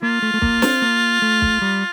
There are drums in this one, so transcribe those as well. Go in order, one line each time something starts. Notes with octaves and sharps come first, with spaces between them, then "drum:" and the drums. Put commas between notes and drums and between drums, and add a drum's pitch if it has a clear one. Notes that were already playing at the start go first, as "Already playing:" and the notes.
A#3 F4
A3
A3
A#3, drum: kick
C4, drum: snare
A#3
A3
drum: kick
G3